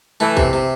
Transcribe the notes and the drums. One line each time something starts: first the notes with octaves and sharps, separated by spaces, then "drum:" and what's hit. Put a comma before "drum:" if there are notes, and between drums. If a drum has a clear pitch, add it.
E3 A3
C3, drum: kick
C3